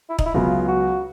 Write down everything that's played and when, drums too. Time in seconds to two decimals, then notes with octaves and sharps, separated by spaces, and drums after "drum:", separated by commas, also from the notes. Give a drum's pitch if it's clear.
0.10 E4
0.19 D#4, drum: kick E1
0.26 E4
0.34 C#2 C#3 F#3 B3 F4
0.68 F#4